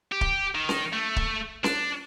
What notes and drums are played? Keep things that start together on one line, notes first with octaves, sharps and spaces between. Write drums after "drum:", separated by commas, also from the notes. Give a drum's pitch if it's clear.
G4
drum: kick
D#3
drum: snare C#4
A3
drum: kick
D4, drum: snare C#4